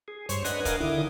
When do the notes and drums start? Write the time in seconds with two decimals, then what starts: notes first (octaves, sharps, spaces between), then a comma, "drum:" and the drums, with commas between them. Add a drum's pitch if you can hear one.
0.08 G#4
0.29 G2 C5 C#5 C#6, drum: hi-hat
0.45 D4 B4 D#5 F#5 G#5, drum: hi-hat
0.65 A#4 D#5 F5 F#5 G#5, drum: kick, hi-hat
0.80 D3 D#3 E4 D6 D#6